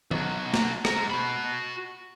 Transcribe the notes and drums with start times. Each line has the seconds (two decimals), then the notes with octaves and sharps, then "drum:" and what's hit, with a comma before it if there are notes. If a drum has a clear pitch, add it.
0.11 B1 F#3, drum: tom D#3
0.54 drum: snare A#3
0.85 G#2 A#5, drum: rim click
1.10 F#4 B5